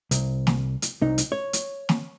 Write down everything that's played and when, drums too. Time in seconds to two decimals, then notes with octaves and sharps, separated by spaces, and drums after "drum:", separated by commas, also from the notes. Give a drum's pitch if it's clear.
0.11 C2, drum: hi-hat
0.47 drum: snare
0.82 drum: hi-hat
1.02 C2 D#4
1.18 drum: hi-hat
1.32 C#5
1.53 drum: hi-hat
1.89 drum: snare